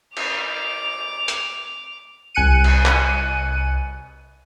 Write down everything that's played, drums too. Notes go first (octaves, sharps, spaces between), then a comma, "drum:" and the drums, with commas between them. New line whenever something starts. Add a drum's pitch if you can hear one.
D6 F7, drum: cymbal
drum: hi-hat
C2 G#5 F#6 C#7 D#7
drum: cymbal
drum: clap